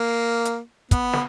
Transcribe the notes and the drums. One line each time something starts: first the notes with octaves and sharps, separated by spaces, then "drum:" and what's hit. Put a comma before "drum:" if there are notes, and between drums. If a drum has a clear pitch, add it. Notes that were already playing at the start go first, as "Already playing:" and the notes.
Already playing: A#3
drum: hi-hat
B3, drum: kick, hi-hat
drum: snare